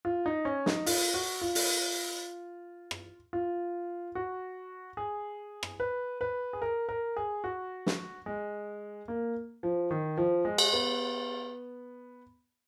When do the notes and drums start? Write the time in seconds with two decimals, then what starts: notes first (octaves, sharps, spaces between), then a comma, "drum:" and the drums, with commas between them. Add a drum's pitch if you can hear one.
0.05 F4
0.26 D#4
0.45 C#4
0.66 D#4, drum: snare
0.86 F4, drum: open hi-hat
1.14 F#4
1.41 F4
1.55 drum: open hi-hat
2.91 drum: rim click
3.33 F4
4.15 F#4
4.97 G#4
5.63 drum: rim click
5.80 B4
6.21 B4
6.53 G#4
6.62 A#4
6.89 A#4
7.16 G#4
7.44 F#4
7.86 drum: snare
8.26 G#3
9.08 A#3
9.63 F3
9.91 D#3
10.17 F3
10.45 G#3
10.58 drum: cymbal
10.73 B3